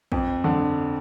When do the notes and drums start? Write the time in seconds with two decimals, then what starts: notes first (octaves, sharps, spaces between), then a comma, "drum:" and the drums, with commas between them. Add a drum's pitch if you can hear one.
0.12 F2, drum: kick A#1
0.44 D3